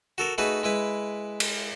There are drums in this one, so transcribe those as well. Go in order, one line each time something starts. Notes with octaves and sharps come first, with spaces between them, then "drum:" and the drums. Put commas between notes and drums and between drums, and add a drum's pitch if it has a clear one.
F#4 A4 A#4
A3 D#4 F#4 G#4 B4
G#3 E4 B4
drum: cymbal